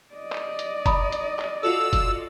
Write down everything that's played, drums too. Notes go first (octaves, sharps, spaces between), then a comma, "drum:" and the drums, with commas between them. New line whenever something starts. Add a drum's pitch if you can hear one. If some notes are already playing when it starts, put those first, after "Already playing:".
D5 D#5
drum: clap
drum: hi-hat
A#5 B5 D#6, drum: kick F#1, hi-hat
drum: hi-hat
drum: clap
F4 F#4 A4 E6
drum: kick F#1, hi-hat